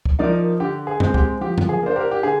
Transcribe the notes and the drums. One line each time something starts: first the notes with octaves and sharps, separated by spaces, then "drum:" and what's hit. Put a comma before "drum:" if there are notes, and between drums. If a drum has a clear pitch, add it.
drum: kick
F3 A#3 D#4 A#4 D5
D3 G4
G#4
G#3 C4, drum: tom F#2
G4, drum: kick
F3 G4
drum: tom F#2
G#4
A#3 D4 C5
G4 A#4
G4
D3 G#4